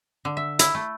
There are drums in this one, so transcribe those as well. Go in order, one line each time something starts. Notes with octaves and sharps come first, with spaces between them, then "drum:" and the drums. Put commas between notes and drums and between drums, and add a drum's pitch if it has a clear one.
D3
E5
E4, drum: hi-hat
A3